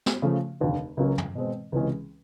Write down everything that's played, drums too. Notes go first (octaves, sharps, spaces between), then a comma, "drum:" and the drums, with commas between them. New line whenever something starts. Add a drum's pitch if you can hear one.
drum: snare
C#3 F3 A3
F1 D#2 D3
C#2 C#3 F#3 A#3 C#4
drum: tom
B2 G#3 C4
C#2 C3 E3 G#3 C#4